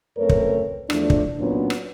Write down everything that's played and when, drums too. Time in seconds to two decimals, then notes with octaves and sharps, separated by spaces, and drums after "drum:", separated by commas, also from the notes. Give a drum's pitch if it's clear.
0.18 F#2 A3 C4 A#4 B4 C#5
0.29 drum: kick
0.90 E2 F3 A3 D4, drum: rim click
1.10 drum: kick
1.39 A#2 F#3 B3 C#4 D4
1.70 drum: rim click